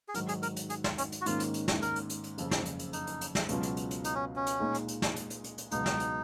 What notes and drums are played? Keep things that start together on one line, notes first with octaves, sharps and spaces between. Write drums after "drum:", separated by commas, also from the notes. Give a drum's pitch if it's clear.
G#4
G#2 D#3 F#3 A#4, drum: hi-hat
G#4, drum: hi-hat
A#4, drum: hi-hat
drum: hi-hat
G#4, drum: hi-hat
F4, drum: snare
C#4, drum: hi-hat
drum: hi-hat
F#4
G#2 D#3 A#3 C#4 F4, drum: hi-hat
drum: hi-hat
drum: hi-hat
drum: snare
A#4, drum: hi-hat
drum: hi-hat
drum: hi-hat
drum: hi-hat
F#1 F2 C#3, drum: hi-hat
drum: snare
drum: hi-hat
drum: hi-hat
D#4, drum: hi-hat
drum: hi-hat
drum: hi-hat
drum: snare
C#2 B2 F#3 C#4 F4, drum: hi-hat
drum: hi-hat
drum: hi-hat
drum: hi-hat
D#4, drum: hi-hat
C#4
C#4
drum: hi-hat
A#2 G#3 D#4
drum: hi-hat
drum: hi-hat
drum: snare
drum: hi-hat
drum: hi-hat
drum: hi-hat
drum: hi-hat
C#2 B2 F#3 D#4, drum: hi-hat
drum: snare
drum: hi-hat